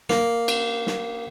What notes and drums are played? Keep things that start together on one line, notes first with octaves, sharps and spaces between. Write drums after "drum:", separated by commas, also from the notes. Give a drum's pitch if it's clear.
A#3, drum: snare
drum: cymbal
drum: snare